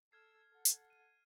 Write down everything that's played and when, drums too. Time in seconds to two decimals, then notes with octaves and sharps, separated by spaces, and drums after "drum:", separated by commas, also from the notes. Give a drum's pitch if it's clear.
0.12 A4 E6 F6 G#6 C7
0.51 A4 F#5
0.65 drum: hi-hat
0.90 D#7